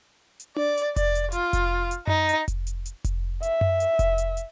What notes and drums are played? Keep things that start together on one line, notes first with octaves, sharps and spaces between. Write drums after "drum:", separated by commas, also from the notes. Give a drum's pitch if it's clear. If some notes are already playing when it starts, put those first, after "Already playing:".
drum: hi-hat
D5, drum: tom D4
drum: hi-hat
D5, drum: kick F1, hi-hat
drum: hi-hat
F4, drum: hi-hat
drum: kick F1, hi-hat
drum: hi-hat
D#4, drum: tom F#2
drum: hi-hat
drum: kick F1, hi-hat
drum: hi-hat
drum: hi-hat
drum: kick F1, hi-hat
E5, drum: hi-hat
drum: tom F#2
drum: hi-hat
drum: kick F1, hi-hat
drum: hi-hat
drum: hi-hat